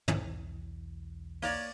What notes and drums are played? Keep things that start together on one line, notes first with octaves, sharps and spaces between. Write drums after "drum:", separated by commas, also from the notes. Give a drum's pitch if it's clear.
B1 E2 B2, drum: tom
A#3 C#5 D5, drum: open hi-hat